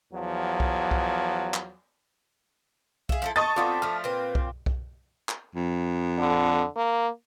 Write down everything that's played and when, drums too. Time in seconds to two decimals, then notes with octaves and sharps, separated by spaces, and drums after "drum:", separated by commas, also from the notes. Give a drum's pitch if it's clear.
0.13 E2 F3 F#3
0.60 drum: kick B1
0.91 drum: kick B1
1.54 drum: clap
3.09 G#4 E5 F5, drum: kick B1
3.22 F3 E4 A4
3.36 D#5 A5 C#6 D#6 A6
3.56 A2 B3 C4 F4 D5
3.82 F3 A3 F6
4.04 A#2 C4 B4
4.35 drum: kick B1
4.66 drum: kick B1
5.29 drum: clap
5.55 F2
6.19 D3
6.76 A#3